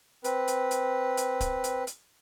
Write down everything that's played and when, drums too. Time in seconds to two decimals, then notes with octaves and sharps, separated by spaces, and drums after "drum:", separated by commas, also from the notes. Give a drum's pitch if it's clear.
0.24 C4 B4, drum: hi-hat
0.48 drum: hi-hat
0.71 drum: hi-hat
1.17 drum: hi-hat
1.40 drum: kick C#1, hi-hat
1.64 drum: hi-hat
1.87 drum: hi-hat